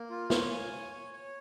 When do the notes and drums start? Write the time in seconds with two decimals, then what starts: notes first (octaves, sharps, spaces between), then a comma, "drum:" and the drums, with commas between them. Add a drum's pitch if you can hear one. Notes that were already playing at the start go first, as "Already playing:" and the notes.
Already playing: A#3
0.10 F4
0.30 C#5, drum: snare
0.51 G#5
0.72 C#5
0.92 C#5
1.13 C#5